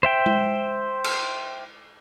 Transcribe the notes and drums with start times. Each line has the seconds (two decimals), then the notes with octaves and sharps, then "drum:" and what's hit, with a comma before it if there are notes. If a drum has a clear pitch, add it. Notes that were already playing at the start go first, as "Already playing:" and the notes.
0.03 C5 E5 G5
0.26 drum: tom G#3
1.04 drum: cymbal